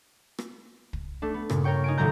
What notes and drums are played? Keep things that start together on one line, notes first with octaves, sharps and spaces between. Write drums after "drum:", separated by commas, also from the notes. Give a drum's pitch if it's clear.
drum: rim click
drum: kick
A3 D4
B3
G2 A#2 C#3, drum: rim click
A#4 C#5 G5 C#6
D#4 G#5 D7
D#1 B1 A2 F#3 A#5 G6